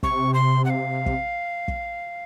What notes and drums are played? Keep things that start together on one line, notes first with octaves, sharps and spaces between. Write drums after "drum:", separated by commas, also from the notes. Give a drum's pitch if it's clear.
C3 C#6, drum: kick
C6
F#5
F5
drum: kick
drum: kick